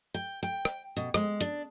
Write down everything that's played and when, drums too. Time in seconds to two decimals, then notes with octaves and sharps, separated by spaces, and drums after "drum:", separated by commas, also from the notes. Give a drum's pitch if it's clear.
0.14 G5
0.43 G5
0.65 drum: rim click
0.97 B2
1.14 G#3, drum: rim click
1.41 D4, drum: hi-hat